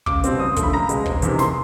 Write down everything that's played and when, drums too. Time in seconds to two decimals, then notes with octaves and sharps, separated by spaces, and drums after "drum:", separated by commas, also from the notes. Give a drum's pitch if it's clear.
0.06 C#2 D6, drum: kick
0.24 B2 G3 C4, drum: hi-hat
0.39 F#1 D#6
0.57 F#2 D3 F3 A3, drum: kick, hi-hat
0.63 B5
0.73 C#2 A#5
0.89 B2 G#3, drum: hi-hat
1.06 F1, drum: kick
1.22 E2 C3 D#3, drum: hi-hat
1.39 C6, drum: snare